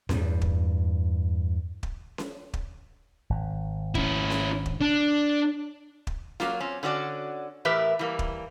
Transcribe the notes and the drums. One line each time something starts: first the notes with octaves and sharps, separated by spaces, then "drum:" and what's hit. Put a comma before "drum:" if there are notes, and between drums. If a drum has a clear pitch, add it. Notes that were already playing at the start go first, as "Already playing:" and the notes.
E2 G2, drum: snare C#4
drum: kick
drum: kick
drum: snare C#4
drum: kick
G#1
C#4 E4, drum: kick
drum: snare C#4
drum: kick
D4
drum: kick
F#3 A#3 F4, drum: snare C#4
C4 C#4
D3 C#4 F#4 D5
A2 E3 G4 A#4 B4 E5
E3 G3 A#3
drum: kick